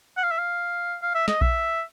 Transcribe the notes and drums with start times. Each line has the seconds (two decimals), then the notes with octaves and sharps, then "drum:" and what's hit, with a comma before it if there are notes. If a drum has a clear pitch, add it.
0.17 F#5
0.23 F5
0.31 E5
0.39 F5
1.02 F5
1.15 E5
1.28 D#5, drum: snare
1.41 E5, drum: kick A#1